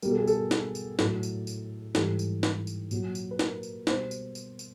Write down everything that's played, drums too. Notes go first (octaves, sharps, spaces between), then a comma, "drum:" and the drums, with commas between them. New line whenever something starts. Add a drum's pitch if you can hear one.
B2 G3 A#4, drum: tambourine
A4
G#4
A4, drum: tambourine
drum: snare
drum: tambourine
A2 F#3 A4, drum: snare
drum: tambourine
drum: tambourine
G#2 E3 G3 A4, drum: snare
drum: tambourine
drum: snare
drum: tambourine
A#2 F#3, drum: tambourine
drum: tambourine
B4
A#4, drum: snare
drum: tambourine
B2 G3 C5, drum: snare
drum: tambourine
drum: tambourine
drum: tambourine